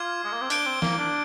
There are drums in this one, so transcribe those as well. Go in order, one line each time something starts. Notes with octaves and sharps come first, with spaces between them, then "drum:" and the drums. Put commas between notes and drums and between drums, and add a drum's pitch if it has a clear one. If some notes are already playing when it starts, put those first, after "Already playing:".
Already playing: F4 D6 F6 G#6
G#3
A#3
C4
D4 G6 D7 G7, drum: hi-hat
C4
A#3, drum: snare
D4